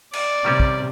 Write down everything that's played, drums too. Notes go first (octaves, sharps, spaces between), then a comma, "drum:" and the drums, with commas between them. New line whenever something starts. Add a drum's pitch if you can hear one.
D5, drum: cymbal
C3 D#3 G3 C#4
drum: kick